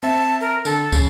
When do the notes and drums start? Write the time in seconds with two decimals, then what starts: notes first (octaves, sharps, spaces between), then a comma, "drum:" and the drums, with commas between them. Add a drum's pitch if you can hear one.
0.03 C4 E5 A5
0.41 A#4
0.65 D3 A4, drum: tambourine
0.92 C#3, drum: kick, tambourine